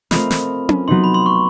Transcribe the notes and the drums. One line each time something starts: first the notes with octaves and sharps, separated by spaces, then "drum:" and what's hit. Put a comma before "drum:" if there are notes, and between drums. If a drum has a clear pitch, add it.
A3 C4 F4 A#4 D#5 B5, drum: snare
drum: snare
drum: tom C#4
F#3 B3 D#4 C6
B5
C6
C#6